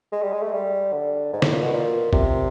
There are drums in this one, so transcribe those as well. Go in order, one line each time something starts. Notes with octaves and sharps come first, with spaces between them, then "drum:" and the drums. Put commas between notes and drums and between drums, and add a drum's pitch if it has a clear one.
G#3
G3
G#3
A3
G3
D3
G#2
A2, drum: snare
A#2
B2
A#2
C3, drum: kick